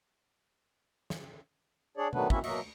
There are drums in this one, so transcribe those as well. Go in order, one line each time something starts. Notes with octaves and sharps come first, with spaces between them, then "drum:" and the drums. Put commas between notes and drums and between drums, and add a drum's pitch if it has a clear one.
drum: snare
D4 G#4 C#5 D5
D#3 F#3 A3 B3 D4 B4, drum: tom B2
A#3 C4 C#4 E4 F#4 E5, drum: kick
B2 F#3 A#3 F#4 D#5 E5, drum: cymbal
D2